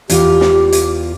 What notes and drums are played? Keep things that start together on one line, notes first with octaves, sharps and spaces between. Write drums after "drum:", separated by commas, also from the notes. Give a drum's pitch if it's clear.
E2 F4 G4, drum: hi-hat
drum: snare
drum: hi-hat